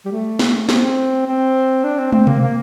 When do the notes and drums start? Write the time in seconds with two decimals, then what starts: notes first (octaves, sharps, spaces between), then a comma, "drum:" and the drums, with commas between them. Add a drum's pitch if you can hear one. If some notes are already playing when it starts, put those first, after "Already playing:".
0.05 G3
0.12 A3
0.39 drum: snare
0.69 C4, drum: snare
1.26 C4
1.84 D4
1.98 C4
2.12 C4, drum: tom
2.27 A#3, drum: tom B2
2.41 A#3